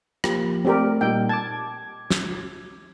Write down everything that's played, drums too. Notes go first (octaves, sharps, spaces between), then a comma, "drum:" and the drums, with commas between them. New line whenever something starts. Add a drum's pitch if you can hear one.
F3 A#3 G4, drum: rim click
A3 C4 G4 A#4 D5
A#2 G3 D#4 G5
A5 D6 G#6
drum: snare